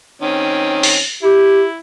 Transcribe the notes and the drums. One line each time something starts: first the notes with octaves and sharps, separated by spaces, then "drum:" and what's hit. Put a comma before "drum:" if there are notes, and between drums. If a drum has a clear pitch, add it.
D#3 C4 C#4
drum: open hi-hat
E4 G4